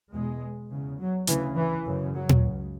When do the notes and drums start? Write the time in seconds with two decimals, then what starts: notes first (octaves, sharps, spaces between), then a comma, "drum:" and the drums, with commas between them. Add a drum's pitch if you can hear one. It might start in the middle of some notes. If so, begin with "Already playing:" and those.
0.13 E2 B2 G#3
0.71 E2 C#3
1.00 F#3
1.27 D2 C#3 E3, drum: hi-hat
1.56 E3
1.86 F#2 C#3
2.14 F#3
2.29 drum: tom A#2
2.43 C#2 C#3